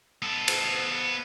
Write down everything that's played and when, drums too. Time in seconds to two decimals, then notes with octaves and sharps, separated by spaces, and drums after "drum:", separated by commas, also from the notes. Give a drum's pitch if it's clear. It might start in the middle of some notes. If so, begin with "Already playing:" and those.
0.22 B3 A4
0.48 drum: cymbal